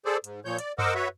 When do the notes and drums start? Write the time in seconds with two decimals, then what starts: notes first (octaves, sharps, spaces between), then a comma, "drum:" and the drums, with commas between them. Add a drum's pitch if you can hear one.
0.05 G#4 A4 C5 D5
0.24 G#2, drum: hi-hat
0.45 A#2 F3 C#5 G6
0.58 D5, drum: hi-hat
0.79 A#4 C5 D#5 F#5 D6 E6, drum: tom F#2
0.95 F#4 B4 C#5 E5